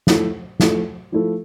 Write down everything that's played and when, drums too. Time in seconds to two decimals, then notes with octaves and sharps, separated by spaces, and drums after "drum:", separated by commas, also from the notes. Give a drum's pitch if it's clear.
0.07 F3 A3 E4 A4, drum: snare
0.60 F3 A3 E4 A4, drum: snare
1.12 F3 A3 E4 A4